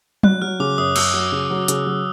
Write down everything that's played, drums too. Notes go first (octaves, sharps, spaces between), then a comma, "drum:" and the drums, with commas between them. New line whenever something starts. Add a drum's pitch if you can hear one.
F#3 F#6, drum: tom F#3
F#3 F6
C#3 D6
F#2 D#6
F#2 E6, drum: cymbal
F#3
C#3
F#3
C#3, drum: hi-hat
F#3